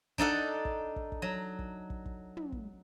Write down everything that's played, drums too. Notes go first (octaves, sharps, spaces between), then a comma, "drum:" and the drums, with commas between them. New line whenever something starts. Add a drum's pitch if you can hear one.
D4 D#4 A4 F#5, drum: kick
drum: kick
drum: kick
drum: kick
F#3
drum: kick
drum: kick
drum: kick
drum: tom
drum: kick